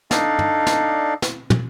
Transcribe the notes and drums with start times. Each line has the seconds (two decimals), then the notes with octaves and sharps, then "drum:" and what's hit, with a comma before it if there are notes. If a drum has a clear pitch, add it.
0.11 D4 D#4 A4 D5 D#5 F5, drum: snare
0.39 drum: tom
0.67 drum: snare
1.22 drum: snare
1.50 drum: tom